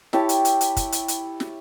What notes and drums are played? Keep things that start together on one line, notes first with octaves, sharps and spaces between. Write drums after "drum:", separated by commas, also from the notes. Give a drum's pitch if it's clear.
E4 G4 C#5 A5, drum: snare
drum: hi-hat
drum: hi-hat
drum: hi-hat
drum: kick, hi-hat
drum: hi-hat
drum: hi-hat
drum: snare